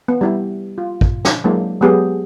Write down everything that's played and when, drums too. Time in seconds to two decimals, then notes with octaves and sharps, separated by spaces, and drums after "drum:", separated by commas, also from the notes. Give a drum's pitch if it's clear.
0.08 B3
0.21 G3 E4 G4
0.78 F4
1.01 drum: kick
1.25 drum: snare
1.44 F#3 G#3 A#3 D4 E4
1.81 F#3 G#3 B3 G4 G#4